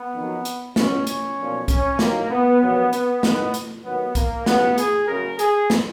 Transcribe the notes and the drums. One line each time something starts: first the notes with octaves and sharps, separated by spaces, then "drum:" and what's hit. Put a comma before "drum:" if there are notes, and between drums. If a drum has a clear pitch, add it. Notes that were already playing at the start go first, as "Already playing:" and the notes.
Already playing: B3
F2 D#3 F#3
drum: hi-hat
C#2 B2 F#3 C#4, drum: snare
C#4, drum: hi-hat
B1 A#2 F3
C#4, drum: kick B1, hi-hat
D#2 D#3 F#3 A#3, drum: snare
B3
A#1 A#2 F#3 B3
B3, drum: hi-hat
G#1 G#2 D#3 B3, drum: snare
drum: hi-hat
D#2 D#3 F#3 B3
A#3, drum: kick B1, hi-hat
D#2 C#3 F#3 B3, drum: snare
G#4, drum: hi-hat
F#1 F#2 C#3 A#4
G#4, drum: hi-hat
drum: snare